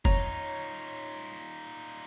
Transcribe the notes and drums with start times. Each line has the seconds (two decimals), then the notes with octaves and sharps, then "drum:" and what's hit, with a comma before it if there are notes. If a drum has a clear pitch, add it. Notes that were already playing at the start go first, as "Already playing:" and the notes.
0.05 F2 D#4 F4 C#5 A#5, drum: kick F1